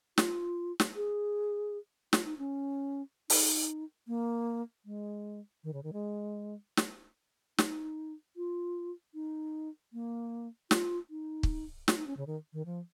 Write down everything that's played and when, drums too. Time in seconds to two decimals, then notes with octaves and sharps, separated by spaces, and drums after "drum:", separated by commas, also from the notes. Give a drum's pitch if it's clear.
0.18 F4, drum: snare
0.80 drum: snare
0.96 G#4
2.13 F4, drum: snare
2.25 D#4
2.38 C#4
3.30 D#4, drum: open hi-hat
4.07 A#3
4.85 G#3
5.64 D#3
5.73 C#3
5.83 D#3
5.93 G#3
6.77 drum: snare
7.58 D#4, drum: snare
8.36 F4
9.14 D#4
9.93 A#3
10.71 F4, drum: snare
11.10 D#4
11.43 drum: kick
11.88 F4, drum: snare
11.97 D#4
12.07 C#4
12.17 C#3
12.27 D#3
12.53 D#3
12.66 F3